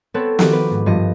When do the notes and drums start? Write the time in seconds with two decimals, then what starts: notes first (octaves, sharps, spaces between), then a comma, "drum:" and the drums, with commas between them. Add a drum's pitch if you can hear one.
0.14 B3 C4 A4 B4 C#5
0.39 D#3 F3 F#4 D6, drum: snare
0.53 B4
0.71 G#2
0.86 G2 F3 D#5